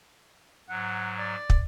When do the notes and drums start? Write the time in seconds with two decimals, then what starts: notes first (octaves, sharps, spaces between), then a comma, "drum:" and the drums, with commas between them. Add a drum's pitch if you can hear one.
0.69 G#2 F#3 F#5
1.19 D5
1.50 drum: kick